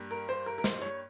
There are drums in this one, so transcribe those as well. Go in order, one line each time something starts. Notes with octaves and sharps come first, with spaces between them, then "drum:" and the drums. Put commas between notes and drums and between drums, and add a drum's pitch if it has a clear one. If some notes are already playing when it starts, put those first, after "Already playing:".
Already playing: G2 G3 A#3
A#4
C5
A#4
A#4
C5, drum: snare
C#5